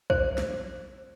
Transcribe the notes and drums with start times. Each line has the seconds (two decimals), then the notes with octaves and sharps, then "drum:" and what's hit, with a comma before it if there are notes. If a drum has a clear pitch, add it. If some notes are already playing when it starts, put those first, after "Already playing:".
0.10 C5, drum: kick
0.38 drum: snare